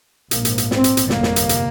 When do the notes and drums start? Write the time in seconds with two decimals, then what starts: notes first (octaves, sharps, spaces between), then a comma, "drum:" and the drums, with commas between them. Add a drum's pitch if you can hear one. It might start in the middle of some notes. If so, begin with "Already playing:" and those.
0.31 A#1 G#2 A#3, drum: hi-hat
0.45 drum: hi-hat
0.58 drum: hi-hat
0.71 C4, drum: snare
0.84 drum: hi-hat
0.97 drum: hi-hat
1.10 G1 F2 C3 A#3, drum: snare
1.23 drum: snare
1.36 drum: hi-hat
1.49 drum: hi-hat